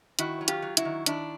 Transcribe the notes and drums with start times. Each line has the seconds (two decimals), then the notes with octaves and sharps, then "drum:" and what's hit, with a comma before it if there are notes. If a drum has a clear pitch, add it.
0.19 D#3 E4 F#4, drum: hi-hat
0.41 F#3
0.48 F4 G4, drum: hi-hat
0.62 F#3
0.77 E4 F#4, drum: hi-hat
0.85 D#3
1.06 D#3 D4 E4, drum: hi-hat